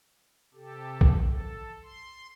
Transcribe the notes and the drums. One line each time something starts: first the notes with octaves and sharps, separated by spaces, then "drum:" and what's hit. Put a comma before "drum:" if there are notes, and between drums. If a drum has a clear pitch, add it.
C3 G4 A4
drum: kick A#1
A4
C6